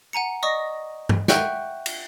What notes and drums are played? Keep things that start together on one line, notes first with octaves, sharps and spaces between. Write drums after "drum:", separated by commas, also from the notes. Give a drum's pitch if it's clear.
F#5 G#5 A#5 C#7
D5 D#5 C#6 D#6 A#6
drum: tom G2
E5 F#5 G5 C#6 F#6 G6, drum: snare
drum: cymbal